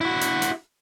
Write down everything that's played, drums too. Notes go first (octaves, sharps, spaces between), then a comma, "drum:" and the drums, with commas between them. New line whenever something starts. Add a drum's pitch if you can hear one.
E4 F#4
drum: hi-hat
drum: hi-hat